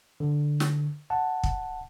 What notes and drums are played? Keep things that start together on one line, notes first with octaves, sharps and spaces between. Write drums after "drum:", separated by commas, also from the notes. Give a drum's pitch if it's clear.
D3
drum: snare
F#5 A5
drum: kick